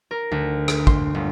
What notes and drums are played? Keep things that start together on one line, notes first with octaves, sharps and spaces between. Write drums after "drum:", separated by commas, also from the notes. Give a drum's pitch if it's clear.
A#4
D2
drum: rim click
C6, drum: kick
G1